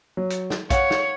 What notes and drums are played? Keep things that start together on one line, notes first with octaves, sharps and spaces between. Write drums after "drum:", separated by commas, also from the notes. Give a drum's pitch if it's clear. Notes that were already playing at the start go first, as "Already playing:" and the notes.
F#3
drum: hi-hat
drum: snare
C#5 F5 F#5, drum: kick A#1, hi-hat
drum: snare